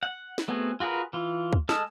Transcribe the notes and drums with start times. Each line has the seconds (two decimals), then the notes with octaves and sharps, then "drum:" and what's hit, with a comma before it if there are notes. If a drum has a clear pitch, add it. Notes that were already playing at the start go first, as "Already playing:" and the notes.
0.03 F#5
0.38 drum: snare
0.48 A3 B3 C4 F#4 G#4
0.80 F4 F#4 G#4 A#4 B4
1.13 E3 F4
1.53 drum: kick
1.69 G#3 A4 A5 D#6 F6, drum: snare